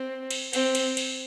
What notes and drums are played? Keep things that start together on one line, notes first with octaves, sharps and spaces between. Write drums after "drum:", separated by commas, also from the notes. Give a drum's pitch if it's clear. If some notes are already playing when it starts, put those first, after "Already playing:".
Already playing: C4
drum: cymbal
C4, drum: cymbal
drum: cymbal
drum: cymbal